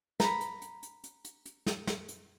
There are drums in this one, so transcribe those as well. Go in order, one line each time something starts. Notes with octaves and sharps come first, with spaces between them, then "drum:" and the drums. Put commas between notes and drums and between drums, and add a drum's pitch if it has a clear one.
A#5 B5, drum: snare
drum: hi-hat
drum: hi-hat
drum: hi-hat
drum: hi-hat
drum: hi-hat
drum: hi-hat
drum: snare
drum: snare
drum: hi-hat